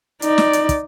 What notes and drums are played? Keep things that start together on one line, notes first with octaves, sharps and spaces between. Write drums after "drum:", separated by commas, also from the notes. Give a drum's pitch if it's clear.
D#4 D5, drum: hi-hat
drum: snare
drum: hi-hat
drum: kick, hi-hat